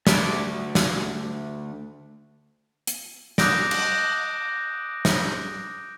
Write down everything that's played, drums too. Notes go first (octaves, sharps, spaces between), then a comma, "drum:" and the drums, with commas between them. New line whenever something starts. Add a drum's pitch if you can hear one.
D2 D5, drum: snare
drum: snare
drum: hi-hat
D6 D#6 F#6 G6 A#6 D7, drum: snare
drum: cymbal
drum: snare